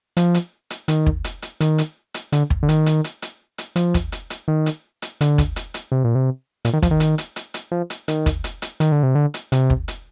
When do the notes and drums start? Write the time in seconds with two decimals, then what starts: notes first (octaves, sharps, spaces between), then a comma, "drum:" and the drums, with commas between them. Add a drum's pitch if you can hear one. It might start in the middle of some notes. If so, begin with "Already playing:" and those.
0.17 F3, drum: hi-hat
0.34 drum: hi-hat
0.70 drum: hi-hat
0.88 D#3, drum: hi-hat
1.06 drum: kick
1.24 drum: hi-hat
1.42 drum: hi-hat
1.61 D#3, drum: hi-hat
1.78 drum: hi-hat
2.14 drum: hi-hat
2.32 D3, drum: hi-hat
2.50 drum: kick
2.63 D3
2.69 D#3, drum: hi-hat
2.86 drum: hi-hat
3.04 drum: hi-hat
3.22 drum: hi-hat
3.58 drum: hi-hat
3.76 F3, drum: hi-hat
3.94 drum: kick, hi-hat
4.12 drum: hi-hat
4.30 drum: hi-hat
4.48 D#3
4.66 drum: hi-hat
5.02 drum: hi-hat
5.21 D3, drum: hi-hat
5.38 drum: kick, hi-hat
5.56 drum: hi-hat
5.74 drum: hi-hat
5.92 C3
6.04 A#2
6.15 C3
6.65 A#2, drum: hi-hat
6.73 D#3
6.82 F3, drum: kick, hi-hat
6.91 D#3
7.00 drum: hi-hat
7.18 drum: hi-hat
7.36 drum: hi-hat
7.54 drum: hi-hat
7.71 F3
7.90 drum: hi-hat
8.08 D#3, drum: hi-hat
8.26 drum: kick, hi-hat
8.44 drum: hi-hat
8.62 drum: hi-hat
8.80 D#3, drum: hi-hat
8.92 D3
9.03 C3
9.15 D3
9.34 drum: hi-hat
9.52 C3, drum: hi-hat
9.70 drum: kick
9.88 drum: hi-hat